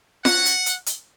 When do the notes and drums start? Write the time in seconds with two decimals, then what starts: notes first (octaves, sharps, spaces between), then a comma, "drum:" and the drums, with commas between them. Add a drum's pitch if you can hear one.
0.25 C#4 F#4 F#5, drum: snare F4
0.46 drum: hi-hat
0.66 drum: hi-hat
0.86 drum: hi-hat